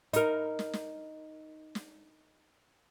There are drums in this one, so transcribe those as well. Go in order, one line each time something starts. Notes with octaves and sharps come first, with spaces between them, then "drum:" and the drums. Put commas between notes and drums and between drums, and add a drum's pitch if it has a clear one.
D#4 A#4, drum: hi-hat
drum: snare
drum: snare
drum: snare